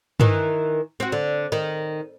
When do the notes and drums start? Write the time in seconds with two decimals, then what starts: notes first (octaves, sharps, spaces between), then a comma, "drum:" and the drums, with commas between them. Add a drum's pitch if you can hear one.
0.20 D#3 E3, drum: tom G2
1.00 C4 F#4
1.12 D3
1.52 D#3